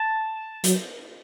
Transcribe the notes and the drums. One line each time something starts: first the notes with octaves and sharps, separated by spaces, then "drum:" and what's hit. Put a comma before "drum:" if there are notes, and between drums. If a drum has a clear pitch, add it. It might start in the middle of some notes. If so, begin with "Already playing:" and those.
Already playing: A5
F#3, drum: hi-hat